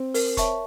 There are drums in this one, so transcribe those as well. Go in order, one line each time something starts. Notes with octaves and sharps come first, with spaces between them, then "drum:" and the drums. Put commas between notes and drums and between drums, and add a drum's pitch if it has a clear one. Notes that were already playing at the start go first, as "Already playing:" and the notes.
Already playing: C4
A#4, drum: open hi-hat
C#5 E5 A5 C#6, drum: kick E1, hi-hat